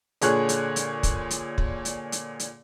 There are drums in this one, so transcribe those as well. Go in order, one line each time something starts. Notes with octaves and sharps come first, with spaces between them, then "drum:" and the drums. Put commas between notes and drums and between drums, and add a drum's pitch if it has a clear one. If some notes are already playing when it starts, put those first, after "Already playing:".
A#2 D3 G#4 C#5 F#6, drum: hi-hat
drum: hi-hat
drum: hi-hat
drum: kick, hi-hat
drum: hi-hat
drum: kick
drum: hi-hat
drum: hi-hat
drum: hi-hat